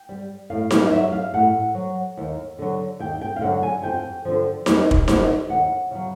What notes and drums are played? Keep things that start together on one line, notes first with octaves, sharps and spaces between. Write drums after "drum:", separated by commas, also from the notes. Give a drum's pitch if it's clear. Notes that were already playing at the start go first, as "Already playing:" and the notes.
Already playing: G5
G3
A2 F5
F5, drum: snare D#4
F#3 E5
F5
A2 F#5
F#3
D#2
D3 F#3
D#2 G5
G5
F5
D3 F#3 F#5
G#5
F2 G5
D3 F3
F2, drum: snare D#4
drum: kick
D3 F3, drum: snare D#4
D#2 F#5
C#3 F#3